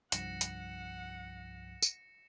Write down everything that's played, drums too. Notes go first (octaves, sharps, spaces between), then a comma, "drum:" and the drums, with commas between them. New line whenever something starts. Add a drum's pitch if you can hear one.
C2 G2 F3 F#5 A#6 C#7 E7, drum: hi-hat
drum: hi-hat
drum: tambourine